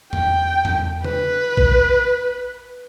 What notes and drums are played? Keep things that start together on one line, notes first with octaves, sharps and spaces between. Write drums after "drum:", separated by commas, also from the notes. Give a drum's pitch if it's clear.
G5, drum: tom E2
drum: tom E2
B4, drum: tom C#3
drum: kick A#1